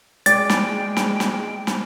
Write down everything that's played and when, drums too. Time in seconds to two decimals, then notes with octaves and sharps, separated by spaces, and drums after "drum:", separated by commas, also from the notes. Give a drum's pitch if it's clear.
0.26 G#3 D5 G5 A6, drum: hi-hat
0.50 drum: snare
0.97 drum: snare
1.20 drum: snare
1.67 drum: snare